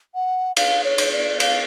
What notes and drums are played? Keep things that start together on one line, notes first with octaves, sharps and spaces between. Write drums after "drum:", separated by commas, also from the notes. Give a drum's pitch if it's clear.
F#5
F5, drum: cymbal
C#5
drum: cymbal
D5
F5, drum: cymbal